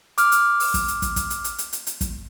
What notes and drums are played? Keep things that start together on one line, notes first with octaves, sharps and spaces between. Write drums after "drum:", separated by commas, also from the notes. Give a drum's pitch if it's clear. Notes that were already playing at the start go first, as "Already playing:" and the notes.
D6 F6, drum: hi-hat
drum: hi-hat
drum: open hi-hat
drum: kick, hi-hat
drum: hi-hat
drum: kick, hi-hat
drum: kick, hi-hat
drum: hi-hat
drum: hi-hat
drum: hi-hat
drum: hi-hat
drum: hi-hat
drum: kick, hi-hat